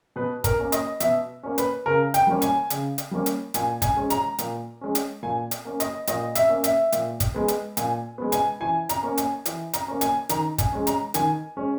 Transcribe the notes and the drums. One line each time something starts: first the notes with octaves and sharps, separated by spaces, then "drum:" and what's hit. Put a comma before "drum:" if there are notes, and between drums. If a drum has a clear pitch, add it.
B2 B4
A#4, drum: kick, hi-hat
A#3 C#4
D#5, drum: hi-hat
B2 E5, drum: hi-hat
A#3 C#4
B4, drum: hi-hat
C#3 A#4
G5, drum: hi-hat
G3 A#3 C#4
G#5, drum: hi-hat
C#3, drum: hi-hat
drum: hi-hat
G3 A#3 C#4
drum: hi-hat
A#2 G#5, drum: hi-hat
G#5, drum: kick, hi-hat
G#3 C#4
A#5, drum: hi-hat
A#2, drum: hi-hat
G#3 C#4
drum: hi-hat
A#2 G#5
drum: hi-hat
A#3 C#4
D#5, drum: hi-hat
A#2 D#5, drum: hi-hat
E5, drum: hi-hat
A#3 C#4
E5, drum: hi-hat
A#2, drum: hi-hat
drum: kick, hi-hat
G#3 B3
drum: hi-hat
A#2 G#5, drum: hi-hat
G#3 B3
G#5, drum: hi-hat
E3 G#5
A#5, drum: hi-hat
A#3 C#4
G#5, drum: hi-hat
E3, drum: hi-hat
A#5, drum: hi-hat
A#3 C#4
G#5, drum: hi-hat
D#3 A#5, drum: hi-hat
G#5, drum: kick, hi-hat
G#3 C#4
A#5, drum: hi-hat
D#3 G#5, drum: hi-hat
G#3 C#4